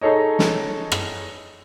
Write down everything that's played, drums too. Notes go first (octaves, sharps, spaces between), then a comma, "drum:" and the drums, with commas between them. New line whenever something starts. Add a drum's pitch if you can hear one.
D#4 G#4 A4 C#5 D#5
drum: snare
drum: rim click